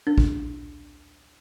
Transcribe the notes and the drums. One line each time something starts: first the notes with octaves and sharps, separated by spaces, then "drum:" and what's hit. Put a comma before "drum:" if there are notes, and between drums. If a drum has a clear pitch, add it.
D4
drum: kick